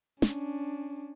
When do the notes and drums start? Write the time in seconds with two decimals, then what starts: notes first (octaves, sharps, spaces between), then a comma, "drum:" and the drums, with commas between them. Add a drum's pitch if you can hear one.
0.22 C#4 D4, drum: snare